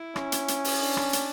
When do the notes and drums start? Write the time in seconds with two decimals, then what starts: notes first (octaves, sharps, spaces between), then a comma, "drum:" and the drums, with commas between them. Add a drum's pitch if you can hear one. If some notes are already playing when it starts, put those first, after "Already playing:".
Already playing: E4
0.16 C#4, drum: rim click
0.32 drum: hi-hat
0.48 drum: hi-hat
0.64 drum: open hi-hat
0.81 D4
0.97 drum: rim click
1.13 drum: hi-hat